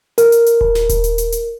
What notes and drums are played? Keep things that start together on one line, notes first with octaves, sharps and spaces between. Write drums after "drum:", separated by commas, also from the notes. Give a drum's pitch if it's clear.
A#4, drum: hi-hat
drum: hi-hat
drum: hi-hat
drum: kick D#1
drum: snare
drum: kick D#1, hi-hat
drum: hi-hat
drum: hi-hat
drum: hi-hat